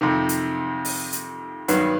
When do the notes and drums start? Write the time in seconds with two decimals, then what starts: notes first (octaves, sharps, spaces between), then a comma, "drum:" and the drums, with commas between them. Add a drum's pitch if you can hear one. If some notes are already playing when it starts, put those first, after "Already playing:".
0.01 F2 C3 D#3
0.29 drum: hi-hat
0.85 drum: open hi-hat
1.13 drum: hi-hat
1.68 G2 D#3 F#3 B3, drum: hi-hat